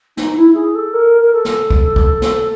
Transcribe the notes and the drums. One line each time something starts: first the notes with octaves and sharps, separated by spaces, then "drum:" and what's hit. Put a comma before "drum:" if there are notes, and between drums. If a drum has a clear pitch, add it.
D#4, drum: snare
E4
G#4
A4
A#4
A#4
A4
drum: snare
drum: kick
drum: kick
drum: snare